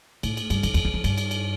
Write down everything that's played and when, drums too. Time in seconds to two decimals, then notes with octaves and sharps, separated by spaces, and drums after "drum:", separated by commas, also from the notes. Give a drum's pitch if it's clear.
0.23 A2, drum: cymbal
0.37 drum: cymbal
0.50 G2, drum: cymbal
0.63 F2, drum: cymbal
0.74 E2, drum: cymbal
0.85 E2
0.94 F2
1.04 G2, drum: cymbal
1.18 drum: cymbal
1.31 drum: cymbal